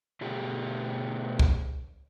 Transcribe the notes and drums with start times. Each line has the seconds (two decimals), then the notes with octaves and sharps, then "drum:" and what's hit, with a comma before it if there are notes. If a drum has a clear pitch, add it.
0.21 B2 D3 A3 G4 G#4
1.39 drum: kick